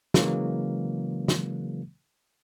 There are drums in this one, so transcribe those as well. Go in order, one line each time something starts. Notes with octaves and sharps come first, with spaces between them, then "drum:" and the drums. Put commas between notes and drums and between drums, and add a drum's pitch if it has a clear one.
C#3 E3 F#3 G#3 A#3, drum: snare
drum: snare